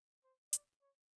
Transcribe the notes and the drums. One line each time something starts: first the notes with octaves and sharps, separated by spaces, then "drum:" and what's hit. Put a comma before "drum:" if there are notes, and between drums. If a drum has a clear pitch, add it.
C5
D5, drum: hi-hat
C#5